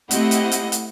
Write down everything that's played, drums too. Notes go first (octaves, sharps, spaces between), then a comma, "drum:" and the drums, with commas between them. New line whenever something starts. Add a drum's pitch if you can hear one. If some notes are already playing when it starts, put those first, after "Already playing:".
A3 C4 E4 G4 D#5 F#5, drum: hi-hat
drum: hi-hat
drum: hi-hat
drum: hi-hat